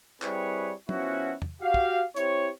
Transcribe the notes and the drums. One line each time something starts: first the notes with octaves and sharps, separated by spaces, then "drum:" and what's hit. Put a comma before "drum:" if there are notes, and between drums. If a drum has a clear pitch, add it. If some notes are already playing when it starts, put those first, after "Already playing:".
G3 C4 E4 G#4 B4 C#5, drum: clap
F3 B3 C#4 E4 F#4, drum: tom
drum: tom
F#4 G4 F5
drum: kick
C4 E4 G4 C#5, drum: hi-hat